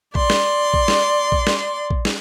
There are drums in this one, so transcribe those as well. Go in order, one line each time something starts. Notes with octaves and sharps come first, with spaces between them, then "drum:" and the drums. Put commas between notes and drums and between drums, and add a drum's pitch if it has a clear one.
D5 C6, drum: kick A#1
drum: snare
drum: kick A#1
drum: snare
drum: kick A#1
drum: snare
drum: kick A#1
drum: snare